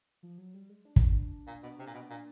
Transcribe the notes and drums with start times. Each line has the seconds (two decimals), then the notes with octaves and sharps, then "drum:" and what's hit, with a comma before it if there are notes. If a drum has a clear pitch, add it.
0.23 F3
0.38 F#3
0.54 G3
0.69 G#3
0.85 D4
0.96 drum: kick
1.47 A#2
1.63 B2
1.79 C3
1.87 A#2
1.94 B2
2.10 A#2 D4